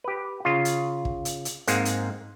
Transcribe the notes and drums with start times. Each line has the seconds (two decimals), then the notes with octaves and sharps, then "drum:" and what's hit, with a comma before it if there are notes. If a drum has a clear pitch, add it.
0.04 G4 B4
0.45 C#3 F4
0.65 drum: hi-hat
1.05 drum: kick
1.25 drum: hi-hat
1.45 drum: hi-hat
1.67 G#2 G#3 A#3 C4, drum: hi-hat
1.85 drum: hi-hat